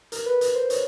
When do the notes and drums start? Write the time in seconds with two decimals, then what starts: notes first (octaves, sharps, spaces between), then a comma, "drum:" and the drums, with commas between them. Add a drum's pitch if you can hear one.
0.12 A#4, drum: hi-hat
0.26 B4
0.41 B4, drum: hi-hat
0.55 C5
0.70 C#5, drum: hi-hat